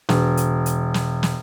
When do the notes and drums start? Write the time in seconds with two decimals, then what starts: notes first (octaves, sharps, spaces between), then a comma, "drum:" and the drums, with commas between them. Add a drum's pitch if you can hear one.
0.09 E1, drum: snare
0.37 drum: hi-hat
0.66 drum: hi-hat
0.94 drum: snare
1.23 drum: snare